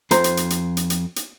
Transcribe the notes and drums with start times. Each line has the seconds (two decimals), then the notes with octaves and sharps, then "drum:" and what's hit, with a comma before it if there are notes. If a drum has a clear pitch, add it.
0.11 F2 C5 A#5, drum: hi-hat
0.24 drum: hi-hat
0.37 drum: hi-hat
0.50 drum: hi-hat
0.77 drum: hi-hat
0.90 drum: hi-hat
1.16 drum: hi-hat